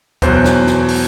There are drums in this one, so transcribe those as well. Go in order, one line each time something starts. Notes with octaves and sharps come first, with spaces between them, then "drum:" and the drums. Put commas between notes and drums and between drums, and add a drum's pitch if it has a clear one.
E2 B2 F#3 C5, drum: kick, hi-hat
drum: snare
drum: snare
drum: open hi-hat